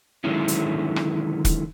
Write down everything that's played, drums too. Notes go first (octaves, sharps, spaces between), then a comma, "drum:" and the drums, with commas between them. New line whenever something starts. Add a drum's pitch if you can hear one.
D3 D#3 F#3 G#3 C#4 E4
drum: hi-hat
drum: rim click
drum: kick, hi-hat